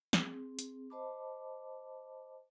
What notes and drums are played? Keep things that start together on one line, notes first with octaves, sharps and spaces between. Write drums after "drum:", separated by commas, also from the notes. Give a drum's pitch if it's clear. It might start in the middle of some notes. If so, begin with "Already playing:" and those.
C4 G#4, drum: snare
drum: hi-hat
C5 D#5 A5 B5 D6